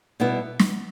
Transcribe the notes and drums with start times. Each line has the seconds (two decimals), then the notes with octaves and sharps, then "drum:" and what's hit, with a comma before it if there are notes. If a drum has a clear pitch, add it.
0.20 B2 G3 B3 E4
0.59 drum: snare